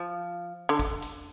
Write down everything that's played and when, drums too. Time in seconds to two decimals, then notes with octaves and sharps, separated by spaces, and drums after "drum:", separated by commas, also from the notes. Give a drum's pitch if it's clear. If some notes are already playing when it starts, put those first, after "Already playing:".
Already playing: F3
0.69 D3
0.79 drum: kick, hi-hat
1.03 drum: hi-hat